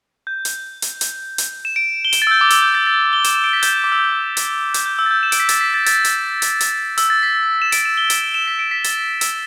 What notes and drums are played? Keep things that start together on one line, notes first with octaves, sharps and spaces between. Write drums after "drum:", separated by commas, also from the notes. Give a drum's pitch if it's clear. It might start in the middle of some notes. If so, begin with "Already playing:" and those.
G6
drum: hi-hat
drum: hi-hat
drum: hi-hat
drum: hi-hat
E7
D7
G7
E7, drum: hi-hat
A6
E6
G6
D6
E6, drum: hi-hat
G6
A6
A6
G7
E7, drum: hi-hat
E7
D7
B6
G6, drum: hi-hat
D6
E6
G6
E6
drum: hi-hat
G6, drum: hi-hat
G6
E6
A6
G6
E7
D7, drum: hi-hat
B6
A6, drum: hi-hat
B6
A6
A6, drum: hi-hat
drum: hi-hat
drum: hi-hat
drum: hi-hat
E6, drum: hi-hat
A6
B6
E7
D7, drum: hi-hat
E7
G7
drum: hi-hat
E7
B6
D7
B6
A6, drum: hi-hat
E6, drum: hi-hat